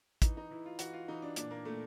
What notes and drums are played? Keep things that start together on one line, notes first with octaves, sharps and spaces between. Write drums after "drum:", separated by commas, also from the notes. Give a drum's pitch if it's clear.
E3 D#4, drum: kick, hi-hat
D#4
E3 E4
F4
E3 F#4, drum: hi-hat
F4
E3 D#4
D4
A#2 D4, drum: hi-hat
A#3
A#2 A3